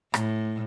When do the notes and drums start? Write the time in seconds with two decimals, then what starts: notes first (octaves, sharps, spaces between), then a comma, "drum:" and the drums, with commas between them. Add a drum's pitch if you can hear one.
0.14 A2, drum: rim click